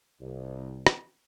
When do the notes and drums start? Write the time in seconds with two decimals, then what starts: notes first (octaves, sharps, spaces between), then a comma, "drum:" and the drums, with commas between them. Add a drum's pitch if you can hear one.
0.20 C2
0.87 drum: rim click